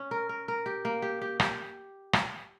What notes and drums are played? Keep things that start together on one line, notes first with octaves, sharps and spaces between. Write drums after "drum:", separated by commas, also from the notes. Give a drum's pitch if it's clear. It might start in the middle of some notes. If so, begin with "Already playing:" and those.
Already playing: C#4
A#4
A#4
A#4
G4
A#3
G4
G4
G4, drum: rim click
drum: rim click